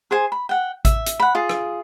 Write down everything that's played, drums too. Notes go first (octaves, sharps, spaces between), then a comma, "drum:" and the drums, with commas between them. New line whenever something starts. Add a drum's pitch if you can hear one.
G#4 C5 G#5
B5
F#5 G5
E5, drum: kick A1, hi-hat
drum: hi-hat
F#5 B5
F4 G#4
drum: rim click